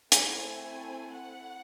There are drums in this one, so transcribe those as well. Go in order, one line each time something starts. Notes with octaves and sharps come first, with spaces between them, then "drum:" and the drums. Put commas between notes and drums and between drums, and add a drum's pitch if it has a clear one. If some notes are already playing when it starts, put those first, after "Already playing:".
A3 C4 E4 A4 G#5, drum: hi-hat
G#5
F#5